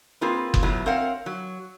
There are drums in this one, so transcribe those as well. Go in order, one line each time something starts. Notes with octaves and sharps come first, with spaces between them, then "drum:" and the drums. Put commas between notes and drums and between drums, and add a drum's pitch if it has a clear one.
A#3 C4 F4 G#4 B4
drum: kick F#1
A2 F#3 B3
C4 A#4 C#5 F5 F#5
F#3